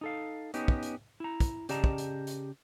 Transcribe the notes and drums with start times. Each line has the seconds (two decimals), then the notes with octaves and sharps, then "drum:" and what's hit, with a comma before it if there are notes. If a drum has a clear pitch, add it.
0.01 D#4 A4 F5
0.54 B3 C#4 D#4 G4, drum: hi-hat
0.68 drum: kick
0.83 drum: hi-hat
1.20 E4 A#5
1.40 drum: kick, hi-hat
1.69 C#3 G4 D5 D#5 A5 A#5, drum: hi-hat
1.84 drum: kick
1.98 drum: hi-hat
2.27 drum: hi-hat